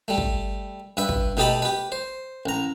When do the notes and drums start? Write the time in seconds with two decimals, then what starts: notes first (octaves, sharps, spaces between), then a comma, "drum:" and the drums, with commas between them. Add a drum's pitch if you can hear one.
0.08 G3 A3
0.18 drum: kick
0.97 G2 B4 E5
1.09 drum: kick
1.37 B2 A3 D#4 G4 A5 B5
1.62 G4 B4
1.92 C5
2.46 A1 A#5